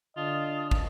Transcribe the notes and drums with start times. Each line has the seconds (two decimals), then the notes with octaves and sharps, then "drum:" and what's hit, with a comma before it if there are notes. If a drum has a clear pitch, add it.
0.17 D3 F4 D5 D#5 A5 D#6
0.71 drum: kick